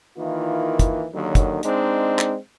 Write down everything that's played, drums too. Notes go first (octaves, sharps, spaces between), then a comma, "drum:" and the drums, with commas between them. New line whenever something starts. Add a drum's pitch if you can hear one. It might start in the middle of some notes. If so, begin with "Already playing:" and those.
D#3 E3 A#3 E4 F4
drum: kick, hi-hat
D#2 D3 D#3 F#3
drum: kick, hi-hat
G#3 C4 D4 D#4, drum: hi-hat
drum: clap